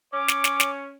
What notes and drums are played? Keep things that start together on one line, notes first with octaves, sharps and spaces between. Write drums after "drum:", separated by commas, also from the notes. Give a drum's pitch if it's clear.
C#4 C#5 D6
drum: snare
drum: snare
drum: snare